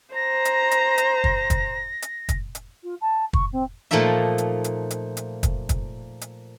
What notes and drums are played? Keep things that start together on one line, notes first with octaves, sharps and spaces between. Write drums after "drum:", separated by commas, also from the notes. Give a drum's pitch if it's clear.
C5 A#5 A#6
drum: hi-hat
drum: hi-hat
drum: hi-hat
drum: kick
drum: kick, hi-hat
drum: hi-hat
drum: kick, hi-hat
drum: hi-hat
F4
A5
C#6, drum: kick
C4
A#2 F3 A3 A#3 D#4 E5
drum: hi-hat
drum: hi-hat
drum: hi-hat
drum: hi-hat
drum: kick, hi-hat
drum: kick, hi-hat
drum: hi-hat